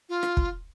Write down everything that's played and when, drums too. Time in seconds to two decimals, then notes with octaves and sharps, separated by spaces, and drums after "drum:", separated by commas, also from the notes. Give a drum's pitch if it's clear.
0.09 F4
0.23 drum: rim click
0.37 drum: kick